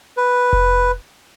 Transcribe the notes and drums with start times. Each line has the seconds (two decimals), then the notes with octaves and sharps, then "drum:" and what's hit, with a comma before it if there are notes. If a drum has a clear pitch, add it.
0.17 B4
0.53 drum: kick F1